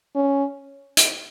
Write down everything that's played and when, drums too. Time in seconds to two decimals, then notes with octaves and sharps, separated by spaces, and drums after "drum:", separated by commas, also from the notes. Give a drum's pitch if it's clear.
0.15 C#4
0.97 drum: hi-hat